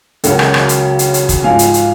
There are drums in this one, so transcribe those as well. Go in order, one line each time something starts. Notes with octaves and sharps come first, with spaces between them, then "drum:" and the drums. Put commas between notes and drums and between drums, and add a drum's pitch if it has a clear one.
C#2 C#3 F#3 F#4 A#4, drum: hi-hat
drum: rim click
drum: rim click
drum: hi-hat
drum: hi-hat
drum: hi-hat
drum: kick, hi-hat
G#2 F3 F5 G#5
drum: hi-hat
drum: hi-hat